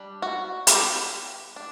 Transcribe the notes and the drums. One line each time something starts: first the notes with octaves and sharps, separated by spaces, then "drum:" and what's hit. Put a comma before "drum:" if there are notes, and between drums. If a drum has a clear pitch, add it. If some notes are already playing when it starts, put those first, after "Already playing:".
Already playing: G3 D4
F#4
G4, drum: hi-hat
D4